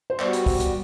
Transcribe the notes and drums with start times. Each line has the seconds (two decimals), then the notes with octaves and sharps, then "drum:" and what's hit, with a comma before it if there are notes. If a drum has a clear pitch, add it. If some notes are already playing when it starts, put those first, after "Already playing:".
0.10 C5
0.19 G3 B3 F#4 D5, drum: clap
0.33 drum: hi-hat
0.46 drum: kick, open hi-hat
0.60 drum: hi-hat